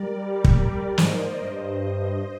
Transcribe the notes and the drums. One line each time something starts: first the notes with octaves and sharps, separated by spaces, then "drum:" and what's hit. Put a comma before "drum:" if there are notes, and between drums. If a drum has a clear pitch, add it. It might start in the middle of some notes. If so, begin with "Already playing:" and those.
Already playing: G3 A#4 D5
A#4 D5
drum: kick
G#2 C5 D#5, drum: snare
G2 C5 D#5
C5 D#5